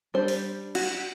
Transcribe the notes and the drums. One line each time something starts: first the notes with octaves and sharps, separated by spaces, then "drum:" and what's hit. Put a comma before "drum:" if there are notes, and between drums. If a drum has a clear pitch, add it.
G3 D4 C5
drum: open hi-hat
F#4, drum: cymbal